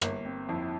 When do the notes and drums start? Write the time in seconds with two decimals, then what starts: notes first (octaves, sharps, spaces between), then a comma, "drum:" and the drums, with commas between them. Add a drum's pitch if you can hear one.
0.02 G1 A#3, drum: rim click
0.25 C4
0.49 F2 E4